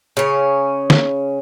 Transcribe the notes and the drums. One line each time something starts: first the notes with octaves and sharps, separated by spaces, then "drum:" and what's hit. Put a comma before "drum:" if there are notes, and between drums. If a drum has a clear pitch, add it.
C#3 C#4
drum: snare